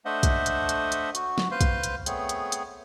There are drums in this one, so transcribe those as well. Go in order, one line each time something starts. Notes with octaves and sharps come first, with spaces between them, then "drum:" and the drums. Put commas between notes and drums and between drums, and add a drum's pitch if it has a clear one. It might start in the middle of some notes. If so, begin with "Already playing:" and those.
A3 D4 C5 D#5 E5 F#5
drum: kick, hi-hat
drum: hi-hat
drum: hi-hat
drum: hi-hat
F#4, drum: hi-hat
drum: snare
B4 C5 F5 C6
drum: kick, hi-hat
drum: hi-hat
A3 B3 C4 G#4 C#5, drum: hi-hat
drum: hi-hat
drum: hi-hat